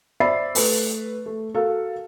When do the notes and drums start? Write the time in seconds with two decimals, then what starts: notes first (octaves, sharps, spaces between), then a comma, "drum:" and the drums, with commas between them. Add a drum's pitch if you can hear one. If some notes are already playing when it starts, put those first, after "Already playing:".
0.20 C5 D5 E5 B5 A6 C7
0.55 A3 B4, drum: open hi-hat
1.26 A3
1.54 F#4 A4 A#4 F5